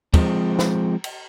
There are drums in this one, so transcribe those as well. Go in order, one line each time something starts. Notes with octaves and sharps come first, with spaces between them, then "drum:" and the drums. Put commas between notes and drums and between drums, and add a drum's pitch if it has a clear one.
F3 G#3 C4, drum: kick, cymbal
drum: snare
drum: cymbal